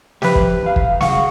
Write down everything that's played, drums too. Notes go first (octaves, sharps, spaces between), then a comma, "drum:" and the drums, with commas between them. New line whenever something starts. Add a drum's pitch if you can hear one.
F3 G4 B4 E5, drum: snare
drum: kick
E2 F5
drum: kick
G#4 F5 F#5 C#6, drum: snare